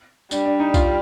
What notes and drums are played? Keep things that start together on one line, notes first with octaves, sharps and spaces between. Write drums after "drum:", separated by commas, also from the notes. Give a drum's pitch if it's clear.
G3 D4, drum: tambourine
D4
D#4
F4, drum: kick B1, tambourine